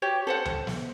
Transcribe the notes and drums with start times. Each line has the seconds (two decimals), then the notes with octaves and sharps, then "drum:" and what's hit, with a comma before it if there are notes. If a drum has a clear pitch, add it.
0.02 F#4 G4 C#5
0.27 A4 C5 F#5
0.45 drum: tom C#2
0.67 drum: snare